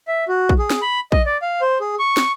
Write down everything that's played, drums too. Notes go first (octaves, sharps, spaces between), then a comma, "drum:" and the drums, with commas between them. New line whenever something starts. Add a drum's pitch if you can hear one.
E5
F#4
drum: kick A#1
G#4
drum: snare
B5
D#5, drum: kick A#1
D5
F5
C5
G#4
C#6
drum: snare